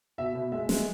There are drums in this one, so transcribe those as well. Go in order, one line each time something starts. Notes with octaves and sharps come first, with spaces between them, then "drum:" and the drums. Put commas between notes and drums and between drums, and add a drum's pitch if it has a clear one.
B2 E5
B2
G#3 E5
G#3, drum: snare